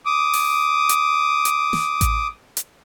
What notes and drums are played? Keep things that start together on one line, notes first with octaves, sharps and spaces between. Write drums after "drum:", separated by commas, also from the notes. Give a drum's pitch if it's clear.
D6 D#6
drum: open hi-hat
drum: hi-hat
drum: hi-hat
drum: snare
drum: kick A1, hi-hat
drum: hi-hat